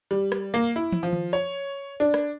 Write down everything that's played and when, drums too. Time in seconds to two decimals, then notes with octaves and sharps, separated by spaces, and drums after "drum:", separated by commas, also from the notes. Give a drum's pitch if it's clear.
0.11 G3
0.32 drum: rim click
0.54 A#3
0.76 E4
0.92 drum: tom
1.03 F3
1.13 drum: tom D#3
1.33 C#5
2.00 D4
2.14 drum: rim click